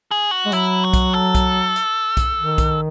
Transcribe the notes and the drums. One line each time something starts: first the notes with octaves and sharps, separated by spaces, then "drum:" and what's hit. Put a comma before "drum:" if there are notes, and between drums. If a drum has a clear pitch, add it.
G#4
F#4
G#3
F#3 E4, drum: hi-hat
F#4
drum: kick B1, hi-hat
A4
drum: kick B1, hi-hat
drum: hi-hat
drum: kick B1, hi-hat
D#3
drum: kick B1, hi-hat